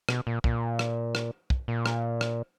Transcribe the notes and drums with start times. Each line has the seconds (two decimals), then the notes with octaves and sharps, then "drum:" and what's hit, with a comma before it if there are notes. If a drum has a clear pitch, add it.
0.09 B2, drum: rim click
0.27 A#2
0.44 A#2, drum: kick
0.79 drum: rim click
1.15 drum: rim click
1.50 drum: kick
1.68 A#2
1.86 drum: rim click
2.21 drum: rim click